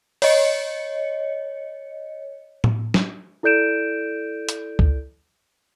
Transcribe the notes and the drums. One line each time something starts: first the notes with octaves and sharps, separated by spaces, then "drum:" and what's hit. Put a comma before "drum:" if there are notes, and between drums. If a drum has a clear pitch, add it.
C#5 D#5 C#7, drum: open hi-hat
drum: tom A2
drum: snare
E4 A4 D5 G6 D7 E7
drum: hi-hat
drum: kick C#2